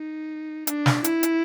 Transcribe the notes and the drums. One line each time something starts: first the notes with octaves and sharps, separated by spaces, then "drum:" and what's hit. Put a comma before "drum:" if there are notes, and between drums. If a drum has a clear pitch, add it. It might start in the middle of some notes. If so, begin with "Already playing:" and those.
Already playing: D#4
D4, drum: hi-hat
drum: snare
E4, drum: hi-hat
drum: hi-hat